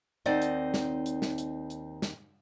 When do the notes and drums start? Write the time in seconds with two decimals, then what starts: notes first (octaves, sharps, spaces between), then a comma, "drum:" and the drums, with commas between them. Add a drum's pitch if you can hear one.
0.26 D#2 C4 D#4 D5 F#5
0.42 drum: hi-hat
0.74 drum: snare
1.06 drum: hi-hat
1.22 drum: snare
1.38 drum: hi-hat
1.70 drum: hi-hat
2.02 drum: snare